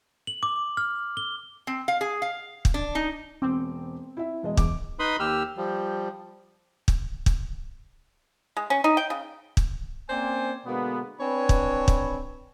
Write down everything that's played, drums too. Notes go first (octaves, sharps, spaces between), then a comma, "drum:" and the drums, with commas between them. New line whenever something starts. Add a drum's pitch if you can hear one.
F#7
D6
F6
G7
C4
F5
G#4
F5
drum: kick
D4
D#4
E1 C4 D6
E4 E5
E1 G#3 D#5
E2 D6, drum: kick
D#4 B4 B5 C6 D#6
D#2 G4 E6 F6
F3 G3
drum: kick
drum: kick
G#3
C#4
D#4
G5
C#3
drum: kick
A#3 C4 C#4 C5 D5 G#5
B2 D3 G#3 A#3 B3
C4 D4 B4 C#5 G#5 B5
drum: kick
drum: kick